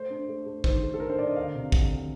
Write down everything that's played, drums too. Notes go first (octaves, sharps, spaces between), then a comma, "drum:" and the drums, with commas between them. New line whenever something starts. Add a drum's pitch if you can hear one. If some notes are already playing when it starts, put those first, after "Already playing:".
Already playing: A3 C5
D4
A3
A3
D#3 C5, drum: kick
A3
A4
D4 A#4
C5
D4 D5
D#5
D2 F5
C3
D2, drum: kick
D2